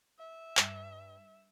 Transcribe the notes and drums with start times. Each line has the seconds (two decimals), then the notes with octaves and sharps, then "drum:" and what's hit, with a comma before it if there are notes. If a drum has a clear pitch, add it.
0.19 E5
0.57 G2, drum: clap